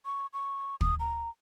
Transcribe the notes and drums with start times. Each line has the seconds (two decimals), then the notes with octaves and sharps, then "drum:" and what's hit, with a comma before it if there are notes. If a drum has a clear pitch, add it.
0.05 C#6
0.34 C#6
0.81 D#6, drum: kick
1.00 A#5